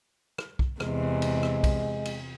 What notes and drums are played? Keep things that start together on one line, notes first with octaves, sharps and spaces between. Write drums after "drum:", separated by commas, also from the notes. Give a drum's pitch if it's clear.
drum: rim click
drum: kick B1
E2 C3 G#3, drum: rim click
drum: cymbal
drum: rim click
drum: kick B1, cymbal
drum: cymbal